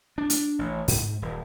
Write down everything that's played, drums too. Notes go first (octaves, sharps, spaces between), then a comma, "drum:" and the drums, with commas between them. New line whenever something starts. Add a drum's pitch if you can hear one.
D4
drum: hi-hat
A1
G#2, drum: open hi-hat
D#1